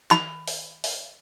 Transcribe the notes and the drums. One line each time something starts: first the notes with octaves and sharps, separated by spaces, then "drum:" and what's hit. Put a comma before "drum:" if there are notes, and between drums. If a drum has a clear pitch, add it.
B5, drum: clap
drum: open hi-hat
drum: open hi-hat